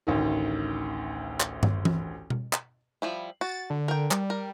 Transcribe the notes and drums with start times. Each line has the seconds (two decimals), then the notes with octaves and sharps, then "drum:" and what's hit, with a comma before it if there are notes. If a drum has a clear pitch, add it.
0.07 A1 D2 D#3
1.40 drum: clap
1.63 drum: tom
1.85 drum: tom E3
2.30 drum: tom B2
2.53 drum: clap
3.02 F3 G3 E4
3.41 F#4 A6
3.70 D3
3.88 A#4 G5
4.11 G3, drum: clap
4.30 A#4